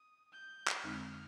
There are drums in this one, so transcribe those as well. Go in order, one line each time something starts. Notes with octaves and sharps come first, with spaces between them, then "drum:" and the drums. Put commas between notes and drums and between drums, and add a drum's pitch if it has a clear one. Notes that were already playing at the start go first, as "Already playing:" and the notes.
Already playing: D#6
G6
drum: clap
F2 D3 G#3 C4 D#4 F6